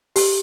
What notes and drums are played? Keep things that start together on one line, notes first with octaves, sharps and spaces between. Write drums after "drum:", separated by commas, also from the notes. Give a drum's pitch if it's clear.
G4, drum: open hi-hat